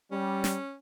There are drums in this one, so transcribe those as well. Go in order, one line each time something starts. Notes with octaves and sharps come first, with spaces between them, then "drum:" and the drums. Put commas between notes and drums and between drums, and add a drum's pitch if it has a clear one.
G3 C#4
drum: snare